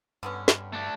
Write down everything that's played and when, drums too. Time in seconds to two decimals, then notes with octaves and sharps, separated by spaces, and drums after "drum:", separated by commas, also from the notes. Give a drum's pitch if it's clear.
0.23 G2 D3 B3 C#4
0.48 drum: snare
0.73 A3 D4